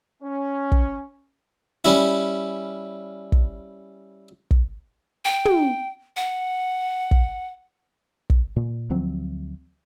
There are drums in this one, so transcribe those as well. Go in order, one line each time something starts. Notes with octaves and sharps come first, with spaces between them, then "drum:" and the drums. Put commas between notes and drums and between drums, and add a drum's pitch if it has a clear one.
C#4
drum: kick
G3 C#4 E4
drum: kick
drum: kick
G5
drum: tom
F#5
drum: kick
drum: kick
A#2
D2 F3 F#3 C4